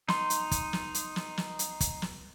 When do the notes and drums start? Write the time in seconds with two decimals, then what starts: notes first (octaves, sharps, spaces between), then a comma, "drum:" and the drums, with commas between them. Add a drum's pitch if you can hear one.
0.08 D#4 C6, drum: snare
0.30 drum: hi-hat
0.51 drum: kick, hi-hat
0.73 drum: snare
0.94 drum: hi-hat
1.16 drum: snare
1.37 drum: snare
1.59 drum: hi-hat
1.81 drum: kick, hi-hat
2.02 drum: snare